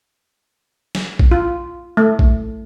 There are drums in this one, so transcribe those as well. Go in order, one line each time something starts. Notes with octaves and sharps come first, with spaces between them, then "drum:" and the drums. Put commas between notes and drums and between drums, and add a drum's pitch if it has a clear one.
drum: snare
drum: kick A#1
F4
A3
drum: kick A#1